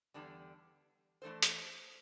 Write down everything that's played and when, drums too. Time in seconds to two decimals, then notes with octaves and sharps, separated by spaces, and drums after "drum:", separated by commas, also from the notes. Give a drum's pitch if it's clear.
0.14 E2 D3 G3 D4
1.22 E3 A3 D4 A4 C5
1.42 drum: hi-hat